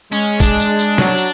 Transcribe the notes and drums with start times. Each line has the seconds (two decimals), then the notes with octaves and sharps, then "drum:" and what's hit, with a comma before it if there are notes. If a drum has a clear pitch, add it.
0.12 G#3 C#4
0.40 D4, drum: kick, tambourine
0.60 drum: tambourine
0.79 drum: tambourine
0.98 F#3, drum: snare
1.17 drum: tambourine